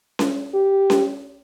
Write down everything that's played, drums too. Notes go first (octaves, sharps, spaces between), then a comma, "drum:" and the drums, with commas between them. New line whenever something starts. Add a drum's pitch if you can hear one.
drum: snare C#4
G4
drum: snare C#4